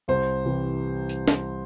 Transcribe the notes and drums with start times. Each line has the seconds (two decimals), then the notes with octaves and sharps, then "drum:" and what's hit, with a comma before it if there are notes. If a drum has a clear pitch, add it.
0.08 C2 C5
0.45 C3 E3 G3
1.09 drum: tambourine
1.28 drum: snare